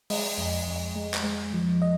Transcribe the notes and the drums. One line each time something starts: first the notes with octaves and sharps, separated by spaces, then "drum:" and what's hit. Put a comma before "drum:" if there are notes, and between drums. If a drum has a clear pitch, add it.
G#3 D#5, drum: open hi-hat
F2
F2
G#3
drum: clap
G#3
F3
D#5